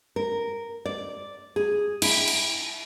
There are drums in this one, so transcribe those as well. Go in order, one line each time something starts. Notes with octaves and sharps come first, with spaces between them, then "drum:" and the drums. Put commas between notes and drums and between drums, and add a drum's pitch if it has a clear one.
A#4
D5
G#4
E4, drum: cymbal
drum: cymbal